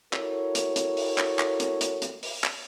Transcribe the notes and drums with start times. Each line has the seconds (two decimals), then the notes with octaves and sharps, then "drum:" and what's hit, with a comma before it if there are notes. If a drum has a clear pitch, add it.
0.13 E4 F#4 A4 A#4 C#5, drum: clap
0.55 drum: hi-hat
0.76 drum: hi-hat
0.97 drum: open hi-hat
1.18 drum: clap
1.39 drum: clap
1.60 drum: hi-hat
1.81 drum: hi-hat
2.02 drum: hi-hat
2.23 drum: open hi-hat
2.44 drum: clap